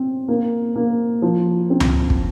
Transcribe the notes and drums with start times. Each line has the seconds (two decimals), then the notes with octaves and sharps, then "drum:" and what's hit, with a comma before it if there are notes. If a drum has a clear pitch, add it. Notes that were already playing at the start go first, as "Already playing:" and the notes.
Already playing: C4
0.28 A#3
0.76 A#3
1.22 F3
1.70 C4
1.80 drum: tom C#2
2.10 drum: kick